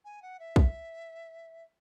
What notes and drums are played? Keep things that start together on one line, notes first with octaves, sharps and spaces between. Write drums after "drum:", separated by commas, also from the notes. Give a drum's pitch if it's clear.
G#5
F#5
E5
drum: kick